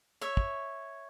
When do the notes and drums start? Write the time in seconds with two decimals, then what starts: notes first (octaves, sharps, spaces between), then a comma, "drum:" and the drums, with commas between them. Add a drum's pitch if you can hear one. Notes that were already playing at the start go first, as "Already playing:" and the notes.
0.21 C#5 E5
0.37 drum: kick